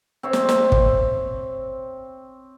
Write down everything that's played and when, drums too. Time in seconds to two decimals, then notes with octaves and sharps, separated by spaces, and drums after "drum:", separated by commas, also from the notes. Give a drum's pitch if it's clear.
0.23 C4 C#5 E5
0.33 drum: snare
0.49 drum: snare
0.72 drum: kick